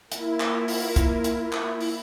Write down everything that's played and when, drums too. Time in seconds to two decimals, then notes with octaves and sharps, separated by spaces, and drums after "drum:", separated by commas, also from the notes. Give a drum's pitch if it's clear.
0.12 A#3 E4 F4 A#4, drum: hi-hat
0.40 drum: clap
0.68 drum: open hi-hat
0.96 drum: kick, hi-hat
1.24 drum: hi-hat
1.52 drum: clap
1.81 drum: open hi-hat